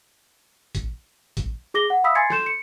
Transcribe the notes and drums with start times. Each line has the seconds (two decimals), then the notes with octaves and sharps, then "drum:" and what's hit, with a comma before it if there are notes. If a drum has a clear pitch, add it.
0.75 drum: kick, hi-hat
1.37 drum: kick, hi-hat
1.74 G#4 D6 A#6 G7
1.90 F#5
2.04 E5 F5 B5 D#6 E6 B6
2.15 G#5 C6 G#6 A6 C7 C#7
2.30 A4 C6 G6 E7, drum: snare
2.46 C#7